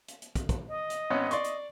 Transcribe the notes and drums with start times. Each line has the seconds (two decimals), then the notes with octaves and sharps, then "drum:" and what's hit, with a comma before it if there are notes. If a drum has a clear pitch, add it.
0.08 drum: hi-hat
0.22 drum: hi-hat
0.35 drum: kick, hi-hat
0.49 drum: kick, hi-hat
0.69 D#5
0.90 drum: hi-hat
1.10 G#1 B3 C#4
1.31 D5 C6 C#6, drum: hi-hat
1.44 drum: hi-hat